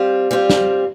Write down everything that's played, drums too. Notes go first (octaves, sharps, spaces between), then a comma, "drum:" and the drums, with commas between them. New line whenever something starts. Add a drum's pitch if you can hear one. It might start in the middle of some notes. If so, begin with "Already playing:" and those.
Already playing: G3 C4 F4
G3 C4 F4
drum: snare